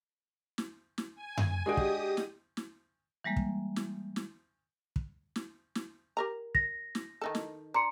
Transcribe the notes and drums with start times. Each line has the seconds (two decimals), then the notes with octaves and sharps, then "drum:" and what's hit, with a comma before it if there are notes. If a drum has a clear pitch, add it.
0.58 drum: snare
0.98 drum: snare
1.15 G#5
1.37 drum: tom F#2
1.66 G#3 D4 F#4 G4 D#5 G5 D#6
1.77 drum: kick
2.17 drum: snare
2.57 drum: snare
3.24 E3 G3 G#3 A#3
3.37 drum: kick
3.76 drum: snare
4.16 drum: snare
4.96 drum: kick
5.36 drum: snare
5.75 drum: snare
6.17 G4 A#4 A#5
6.55 A#6, drum: kick
6.95 drum: snare
7.21 D#3 D#4 A4
7.35 drum: snare
7.74 D4 A#5 C6 C#7